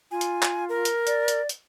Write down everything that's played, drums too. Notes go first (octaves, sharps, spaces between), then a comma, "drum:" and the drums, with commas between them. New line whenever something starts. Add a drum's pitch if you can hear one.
F4 G#5
drum: hi-hat
drum: clap
A#4
drum: hi-hat
D5, drum: hi-hat
drum: hi-hat
drum: hi-hat